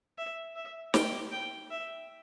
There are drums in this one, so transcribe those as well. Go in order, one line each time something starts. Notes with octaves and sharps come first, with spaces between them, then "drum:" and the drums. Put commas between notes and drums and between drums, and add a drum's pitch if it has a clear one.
E5
E5
G5, drum: snare
G5
E5